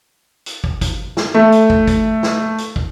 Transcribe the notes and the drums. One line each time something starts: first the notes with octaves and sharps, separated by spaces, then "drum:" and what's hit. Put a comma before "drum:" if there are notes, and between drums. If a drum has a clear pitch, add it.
drum: hi-hat
drum: kick
drum: kick, hi-hat
drum: snare
A3
drum: hi-hat
drum: kick
drum: kick, hi-hat
drum: snare
drum: hi-hat
drum: kick